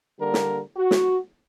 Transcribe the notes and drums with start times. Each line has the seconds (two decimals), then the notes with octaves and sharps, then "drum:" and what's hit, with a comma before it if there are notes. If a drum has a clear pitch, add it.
0.19 D3 G3 A#3 A#4
0.34 drum: snare
0.77 F#4
0.91 drum: snare